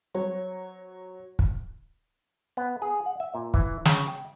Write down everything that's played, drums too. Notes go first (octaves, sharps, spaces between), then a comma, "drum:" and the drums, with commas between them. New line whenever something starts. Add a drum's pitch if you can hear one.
F#3 C#5
drum: kick
B3
G#4
F#5
E5
A#2
E3, drum: kick
C#3, drum: snare
G5